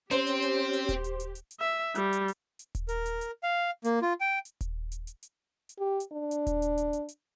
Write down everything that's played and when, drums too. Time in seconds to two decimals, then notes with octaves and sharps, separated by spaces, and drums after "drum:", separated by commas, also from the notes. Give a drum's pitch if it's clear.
0.11 C4 C#4 G4 C5, drum: hi-hat
0.27 drum: hi-hat
0.42 drum: hi-hat
0.73 drum: hi-hat
0.89 drum: kick D#1, hi-hat
1.04 drum: hi-hat
1.20 drum: hi-hat
1.35 drum: hi-hat
1.51 drum: hi-hat
1.60 E5
1.95 G3, drum: hi-hat
2.13 drum: hi-hat
2.28 drum: hi-hat
2.59 drum: hi-hat
2.75 drum: kick D#1, hi-hat
2.89 A#4, drum: hi-hat
3.06 drum: hi-hat
3.21 drum: hi-hat
3.43 F5
3.84 A#3, drum: hi-hat
4.02 F4
4.21 G5
4.45 drum: hi-hat
4.61 drum: kick D#1, hi-hat
4.92 drum: hi-hat
5.07 drum: hi-hat
5.23 drum: hi-hat
5.69 drum: hi-hat
5.79 G4
6.00 drum: hi-hat
6.12 D4
6.31 drum: hi-hat
6.47 drum: kick D#1, hi-hat
6.62 drum: hi-hat
6.78 drum: hi-hat
6.93 drum: hi-hat
7.09 drum: hi-hat